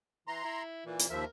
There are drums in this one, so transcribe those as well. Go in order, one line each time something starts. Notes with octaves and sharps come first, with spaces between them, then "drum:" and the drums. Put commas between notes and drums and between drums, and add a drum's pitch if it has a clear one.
E3 A#5 C6
E4
A#2 E3
drum: hi-hat
D#2 F3 A#4 E5